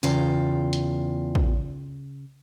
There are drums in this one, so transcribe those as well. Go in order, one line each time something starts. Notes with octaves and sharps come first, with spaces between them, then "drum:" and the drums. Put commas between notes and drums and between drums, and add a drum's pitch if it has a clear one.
E2 C#3 F4 G5, drum: tambourine
drum: hi-hat
drum: kick